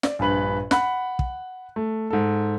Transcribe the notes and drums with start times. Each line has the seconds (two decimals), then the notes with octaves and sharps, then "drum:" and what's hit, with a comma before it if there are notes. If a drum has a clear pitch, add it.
0.03 D5, drum: snare
0.19 A#1 G2 B4 F#7
0.71 F#5 B5 F#6, drum: snare
1.19 drum: kick
1.76 A3
2.10 G#2 A4